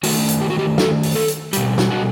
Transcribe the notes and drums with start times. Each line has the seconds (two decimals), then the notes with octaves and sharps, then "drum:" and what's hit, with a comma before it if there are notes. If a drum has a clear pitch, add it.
0.03 D#3 A3 F#4, drum: open hi-hat
0.28 drum: hi-hat
0.41 G4
0.50 F#4
0.59 G4
0.78 A4, drum: snare
1.03 drum: open hi-hat
1.15 A4
1.28 drum: hi-hat
1.53 B2 G3 G4, drum: hi-hat
1.78 drum: snare
1.90 F#4